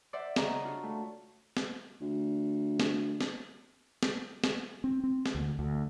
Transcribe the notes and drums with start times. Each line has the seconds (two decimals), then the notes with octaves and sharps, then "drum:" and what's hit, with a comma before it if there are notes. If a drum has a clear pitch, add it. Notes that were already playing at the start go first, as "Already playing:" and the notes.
0.13 C5 D5 E5 F#5
0.36 C#3 D#5 A#5 D6, drum: snare
0.63 D4 F4 F#4
0.83 A3
1.57 drum: snare
2.01 D2
2.80 drum: snare
3.21 drum: snare
4.03 drum: snare
4.44 drum: snare
4.84 C4
5.04 C4
5.26 drum: snare
5.35 D2
5.59 D2